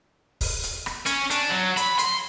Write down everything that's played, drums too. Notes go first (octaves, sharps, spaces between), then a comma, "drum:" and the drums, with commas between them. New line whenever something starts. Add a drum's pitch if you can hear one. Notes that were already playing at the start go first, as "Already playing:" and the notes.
drum: kick, open hi-hat
drum: hi-hat
drum: rim click
C#4, drum: hi-hat
D4, drum: hi-hat
F#3
B5, drum: hi-hat
C6, drum: hi-hat